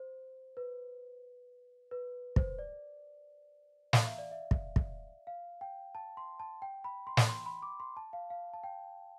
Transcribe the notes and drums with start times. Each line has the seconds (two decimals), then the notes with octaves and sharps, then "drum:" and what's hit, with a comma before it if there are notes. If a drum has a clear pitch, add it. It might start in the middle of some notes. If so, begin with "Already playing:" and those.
Already playing: C5
0.57 B4
1.91 B4
2.36 C5, drum: kick
2.59 D5
3.93 F5, drum: snare
4.06 E5
4.18 D5
4.31 E5
4.51 drum: kick
4.76 drum: kick
5.27 F5
5.61 G5
5.95 A5
6.17 C6
6.40 A5
6.62 G5
6.84 B5
7.07 C6
7.17 drum: snare
7.29 C6
7.46 B5
7.62 D6
7.80 C6
7.97 A5
8.13 F5
8.30 F5
8.54 A5
8.64 G5